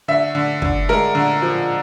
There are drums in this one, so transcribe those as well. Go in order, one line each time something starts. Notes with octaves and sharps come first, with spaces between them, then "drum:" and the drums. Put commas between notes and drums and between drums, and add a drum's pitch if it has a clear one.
D3 E5
D3
D3, drum: kick
G#3 A#4
D3
F3